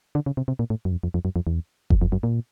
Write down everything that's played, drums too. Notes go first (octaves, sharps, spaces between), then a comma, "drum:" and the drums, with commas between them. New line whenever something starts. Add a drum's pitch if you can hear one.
D3
C#3
C3
C3
A#2
A2
F#2
F2
F2
F2
F#2
F2
E2
F2, drum: kick F#1
F2
F#2
A#2